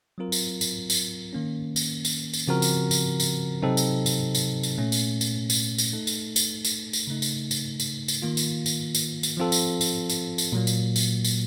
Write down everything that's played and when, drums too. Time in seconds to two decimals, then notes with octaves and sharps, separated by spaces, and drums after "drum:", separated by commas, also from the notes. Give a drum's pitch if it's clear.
0.18 F#3 C4 F4 A#4
0.32 drum: tambourine
0.61 drum: tambourine
0.90 drum: tambourine
1.33 D#3 A#3 C#4
1.76 drum: tambourine
2.05 drum: tambourine
2.33 drum: tambourine
2.48 C#3 F3 C4 F#4 A#4
2.62 drum: tambourine
2.91 drum: tambourine
3.20 drum: tambourine
3.62 C3 F#3 C4 D#4 A4
3.77 drum: tambourine
4.06 drum: tambourine
4.35 drum: tambourine
4.63 drum: tambourine
4.78 A#2 A3 C#4
4.92 drum: tambourine
5.21 drum: tambourine
5.50 drum: tambourine
5.78 drum: tambourine
5.93 A3 D#4 A4
6.07 drum: tambourine
6.36 drum: tambourine
6.65 drum: tambourine
6.93 drum: tambourine
7.07 C#3 A3 D#4
7.22 drum: tambourine
7.51 drum: tambourine
7.80 drum: tambourine
8.08 drum: tambourine
8.22 D#3 A#3 F4
8.37 drum: tambourine
8.66 drum: tambourine
8.95 drum: tambourine
9.23 drum: tambourine
9.37 F3 C4 F4 A4
9.52 drum: tambourine
9.81 drum: tambourine
10.10 drum: tambourine
10.38 drum: tambourine
10.52 A#2 F#3 A#3
10.67 drum: tambourine
10.96 drum: tambourine
11.25 drum: tambourine